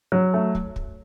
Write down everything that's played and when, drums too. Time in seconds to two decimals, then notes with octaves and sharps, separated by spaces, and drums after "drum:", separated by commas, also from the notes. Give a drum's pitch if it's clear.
0.12 F#3
0.34 A3
0.55 drum: kick
0.76 drum: kick